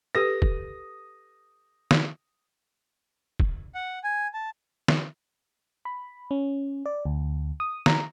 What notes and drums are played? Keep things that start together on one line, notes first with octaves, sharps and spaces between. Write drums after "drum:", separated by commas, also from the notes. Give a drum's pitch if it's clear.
G4 A4 B4 D#6 A#6
drum: kick
drum: snare
drum: kick
F#5
G#5
A5
drum: snare
B5
C#4
D5
D2
D#6
A#5, drum: snare